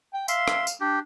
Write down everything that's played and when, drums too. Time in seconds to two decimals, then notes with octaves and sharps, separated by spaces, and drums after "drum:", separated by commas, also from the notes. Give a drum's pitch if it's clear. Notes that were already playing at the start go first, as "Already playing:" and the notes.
0.13 G5
0.28 E5 F5 C6, drum: tambourine
0.48 drum: rim click
0.67 drum: tambourine
0.81 D4 G4